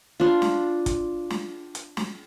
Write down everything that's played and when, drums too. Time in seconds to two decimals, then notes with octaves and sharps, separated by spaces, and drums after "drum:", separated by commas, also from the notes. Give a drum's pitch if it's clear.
0.20 D4 F4
0.42 drum: snare
0.86 drum: kick, hi-hat
1.30 drum: snare
1.75 drum: hi-hat
1.97 drum: snare